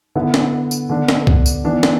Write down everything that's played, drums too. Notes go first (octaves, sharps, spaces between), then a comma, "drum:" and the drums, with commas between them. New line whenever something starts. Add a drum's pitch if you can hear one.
D3 B3 E4
drum: snare
drum: tambourine
D3 B3 D4
drum: snare
drum: kick C2
drum: tambourine
E3 B3 D4
drum: snare